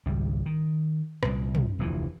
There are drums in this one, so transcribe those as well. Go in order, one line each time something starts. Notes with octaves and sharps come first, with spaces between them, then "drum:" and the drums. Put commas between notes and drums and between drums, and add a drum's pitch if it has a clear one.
G#1 C#2 G3
D#3
C2 A#2, drum: rim click
drum: tom
F1 D2 E3 F3